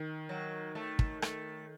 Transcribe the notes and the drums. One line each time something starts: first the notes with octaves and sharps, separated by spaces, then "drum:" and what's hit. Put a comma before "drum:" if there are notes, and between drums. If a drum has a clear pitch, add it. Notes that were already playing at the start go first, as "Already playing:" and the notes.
Already playing: D#3
F#3
A3
drum: kick
A3, drum: rim click